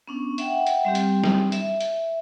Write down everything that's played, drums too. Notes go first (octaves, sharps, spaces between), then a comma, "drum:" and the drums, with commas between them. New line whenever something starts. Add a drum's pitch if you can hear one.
B3 C#4 D4
E5 F#5 G5, drum: hi-hat
drum: hi-hat
G3 C4 G4
drum: hi-hat
drum: snare
E5, drum: hi-hat
drum: hi-hat